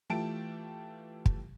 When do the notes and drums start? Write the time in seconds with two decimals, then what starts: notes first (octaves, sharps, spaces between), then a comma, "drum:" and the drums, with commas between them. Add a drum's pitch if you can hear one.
0.10 E3 A3 F4 G4 A5 D7
1.26 drum: kick